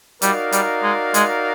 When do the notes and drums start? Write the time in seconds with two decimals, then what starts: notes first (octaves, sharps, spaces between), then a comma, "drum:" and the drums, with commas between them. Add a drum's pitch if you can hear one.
0.22 G3 D#4 F#4 A#4 D5 F5, drum: hi-hat
0.52 G3, drum: hi-hat
0.83 G#3
1.14 G#3, drum: hi-hat